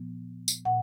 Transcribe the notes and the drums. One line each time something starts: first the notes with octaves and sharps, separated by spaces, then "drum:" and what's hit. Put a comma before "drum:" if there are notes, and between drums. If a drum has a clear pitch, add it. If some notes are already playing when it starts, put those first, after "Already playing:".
Already playing: A#2 F3 B3
drum: tambourine
A#2 F#5